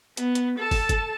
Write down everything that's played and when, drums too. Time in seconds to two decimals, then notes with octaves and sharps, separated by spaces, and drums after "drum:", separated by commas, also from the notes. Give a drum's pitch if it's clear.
0.17 B3, drum: hi-hat
0.35 drum: hi-hat
0.58 A4 A5
0.71 drum: kick, open hi-hat
0.89 drum: kick, hi-hat